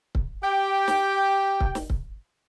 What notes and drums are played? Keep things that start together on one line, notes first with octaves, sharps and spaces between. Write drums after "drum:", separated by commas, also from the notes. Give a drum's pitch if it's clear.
drum: kick C#1
G4 G5
drum: snare
drum: kick C#1
drum: snare
drum: kick C#1